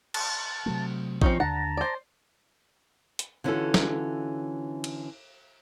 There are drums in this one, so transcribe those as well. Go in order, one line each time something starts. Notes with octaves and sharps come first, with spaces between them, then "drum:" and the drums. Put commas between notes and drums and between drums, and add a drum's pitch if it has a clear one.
A5, drum: cymbal
C3 F#3 A3
F3 C4 C#4 D#4 C#6, drum: kick A1
D#2 D3 D4 F#5 A5 A#5
C5 D5
drum: hi-hat
D3 E3 C#4 F4 F#4 A4
drum: snare
drum: cymbal